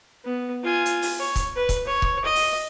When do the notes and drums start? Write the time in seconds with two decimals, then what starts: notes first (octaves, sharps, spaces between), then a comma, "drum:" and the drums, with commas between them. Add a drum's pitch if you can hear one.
0.25 B3
0.64 F4 G#5
0.86 drum: hi-hat
1.02 drum: open hi-hat
1.19 C#5
1.36 drum: kick C#1, hi-hat
1.56 B4
1.69 drum: kick C#1, hi-hat
1.86 C#5
2.02 drum: kick C#1
2.24 D#5
2.36 drum: open hi-hat